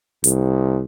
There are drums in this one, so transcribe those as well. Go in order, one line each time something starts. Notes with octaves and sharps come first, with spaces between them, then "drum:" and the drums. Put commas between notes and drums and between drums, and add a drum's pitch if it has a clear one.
C2, drum: hi-hat